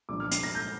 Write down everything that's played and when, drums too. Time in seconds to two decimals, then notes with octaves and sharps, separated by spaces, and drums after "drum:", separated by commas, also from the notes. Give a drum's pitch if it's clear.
0.09 C2 A#2 F3 D4 F4 D6
0.20 F6
0.31 C7, drum: hi-hat
0.43 A#6
0.55 G6